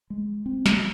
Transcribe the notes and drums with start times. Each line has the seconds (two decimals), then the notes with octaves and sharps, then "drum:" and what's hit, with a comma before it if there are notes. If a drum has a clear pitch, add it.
0.10 G#3
0.46 C4
0.66 drum: snare